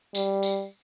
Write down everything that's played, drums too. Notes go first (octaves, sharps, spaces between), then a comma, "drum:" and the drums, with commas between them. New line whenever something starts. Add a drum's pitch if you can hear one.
G3, drum: tambourine
drum: tambourine